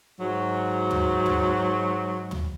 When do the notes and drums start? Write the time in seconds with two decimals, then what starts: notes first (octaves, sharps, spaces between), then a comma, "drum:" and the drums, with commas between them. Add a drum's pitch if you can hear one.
0.20 G#2 F#3
0.91 drum: tom
1.26 drum: tom
2.31 drum: tom